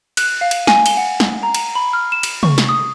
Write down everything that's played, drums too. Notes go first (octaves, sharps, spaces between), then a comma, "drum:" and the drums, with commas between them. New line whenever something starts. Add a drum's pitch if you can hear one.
F#6, drum: cymbal
F5
drum: cymbal
G#5, drum: snare
G7, drum: cymbal
F#5
drum: snare
A#5
drum: cymbal
B5
F6
E7
drum: cymbal
C#6, drum: tom
drum: snare
D#6